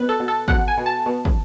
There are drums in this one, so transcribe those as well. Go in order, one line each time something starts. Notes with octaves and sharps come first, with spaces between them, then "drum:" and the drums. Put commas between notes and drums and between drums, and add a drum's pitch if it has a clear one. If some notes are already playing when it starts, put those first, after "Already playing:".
Already playing: B2 B4
A4
B2
A4
B2 F#5, drum: kick
G#5
B2
A5
B2
drum: kick